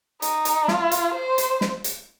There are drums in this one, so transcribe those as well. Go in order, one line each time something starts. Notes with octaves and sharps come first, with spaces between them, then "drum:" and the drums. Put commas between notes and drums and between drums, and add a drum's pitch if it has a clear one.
D#4, drum: hi-hat
drum: hi-hat
F4, drum: snare
drum: hi-hat
C5
drum: hi-hat
drum: snare
drum: hi-hat